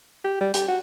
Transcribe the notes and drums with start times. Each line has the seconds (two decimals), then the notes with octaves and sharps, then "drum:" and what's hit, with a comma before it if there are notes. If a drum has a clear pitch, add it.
0.24 G4
0.41 G3
0.54 G4, drum: hi-hat
0.68 F#4